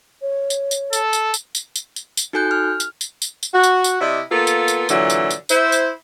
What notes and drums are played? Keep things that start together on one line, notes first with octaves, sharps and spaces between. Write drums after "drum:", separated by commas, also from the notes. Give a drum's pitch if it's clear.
C#5
drum: tambourine
drum: tambourine
A4, drum: tambourine
drum: tambourine
drum: tambourine
drum: tambourine
drum: tambourine
drum: tambourine
drum: tambourine
D#4 F#4 A4 G#5 F#6 G6
F6
drum: tambourine
drum: tambourine
drum: tambourine
drum: tambourine
F#4
drum: tambourine
drum: tambourine
C3 E4 D5 D#5
A#3 B3 F4 A4
drum: tambourine
drum: tambourine
A#2 D3 E3 F#3, drum: tambourine
drum: tambourine
drum: tambourine
E4 C5, drum: tambourine
drum: tambourine